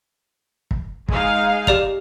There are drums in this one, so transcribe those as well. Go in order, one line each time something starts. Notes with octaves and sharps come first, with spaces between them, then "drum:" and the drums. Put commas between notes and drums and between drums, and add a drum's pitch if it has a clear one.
drum: kick
G#3 D#4 F5, drum: kick
G4 D5 F7, drum: kick